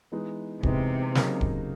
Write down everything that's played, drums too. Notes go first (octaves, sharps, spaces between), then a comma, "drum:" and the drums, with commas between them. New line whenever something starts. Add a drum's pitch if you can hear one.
E3 G#3 B3 D#4
C3 E3 G#3 B3 D#4, drum: kick
C#3 F#3 A#3 D#4 G4, drum: snare
drum: kick